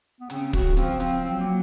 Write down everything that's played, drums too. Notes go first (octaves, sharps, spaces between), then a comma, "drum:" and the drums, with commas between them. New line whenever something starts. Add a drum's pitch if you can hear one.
B3
C#3 C4, drum: hi-hat
F#4, drum: kick, hi-hat
F3 C4, drum: hi-hat
C4, drum: hi-hat
F#3 C4
A#3